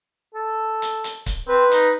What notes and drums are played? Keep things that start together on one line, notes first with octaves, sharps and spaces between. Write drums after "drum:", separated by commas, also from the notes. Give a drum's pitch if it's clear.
A4
drum: hi-hat
drum: hi-hat
drum: kick C#1, hi-hat
C4 B4
D#4, drum: hi-hat